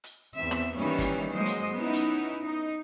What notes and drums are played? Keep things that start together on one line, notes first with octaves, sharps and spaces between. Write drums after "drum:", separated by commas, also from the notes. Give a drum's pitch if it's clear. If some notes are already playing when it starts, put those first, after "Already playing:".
drum: hi-hat
E2 C4 E5
drum: rim click
D#3 E3 G3 A#3 C#4
drum: kick G1, hi-hat
F#3 G#3 A#3 C5 D#5
drum: hi-hat
B3 C#4 D#4 E4
drum: hi-hat
D#4